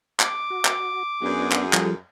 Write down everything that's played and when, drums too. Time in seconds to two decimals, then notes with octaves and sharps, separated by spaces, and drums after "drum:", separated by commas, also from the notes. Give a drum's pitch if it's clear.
0.20 D6, drum: clap
0.50 F#4
0.65 drum: clap
1.22 F#2 B3 D4 F#4 G#4
1.52 drum: clap
1.73 F3 G3 A4, drum: clap